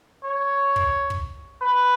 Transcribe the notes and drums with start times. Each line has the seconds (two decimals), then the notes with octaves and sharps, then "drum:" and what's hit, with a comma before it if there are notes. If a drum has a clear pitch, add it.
0.24 C#5
0.76 drum: kick
1.10 drum: kick
1.61 B4